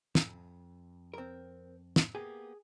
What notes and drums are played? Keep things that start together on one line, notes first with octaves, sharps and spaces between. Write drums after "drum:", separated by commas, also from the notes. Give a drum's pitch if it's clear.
F2, drum: snare
C4 A#4
drum: snare
A#3 B3 G4 G#4